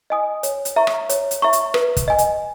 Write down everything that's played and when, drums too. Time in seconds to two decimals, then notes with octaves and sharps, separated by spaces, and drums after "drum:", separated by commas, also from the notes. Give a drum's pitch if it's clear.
0.10 D#5 G#5 D#6
0.43 C#5, drum: hi-hat
0.65 drum: hi-hat
0.76 E5 A#5 C#6
0.87 drum: rim click
1.09 C#5, drum: hi-hat
1.31 drum: hi-hat
1.42 E5 A#5 C#6
1.53 drum: hi-hat
1.74 B4, drum: rim click
1.97 drum: kick, hi-hat
2.08 D#5 G#5
2.18 drum: hi-hat